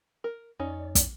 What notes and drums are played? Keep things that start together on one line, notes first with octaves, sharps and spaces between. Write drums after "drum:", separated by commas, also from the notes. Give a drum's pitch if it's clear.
A#4
F2 C#4 D#4 C#5 D5
drum: kick, hi-hat